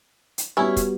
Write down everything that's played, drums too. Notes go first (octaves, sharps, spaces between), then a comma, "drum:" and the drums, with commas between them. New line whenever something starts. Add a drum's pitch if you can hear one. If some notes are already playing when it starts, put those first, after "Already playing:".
drum: hi-hat
G3 B3 C#4 E4 F#4
drum: kick, hi-hat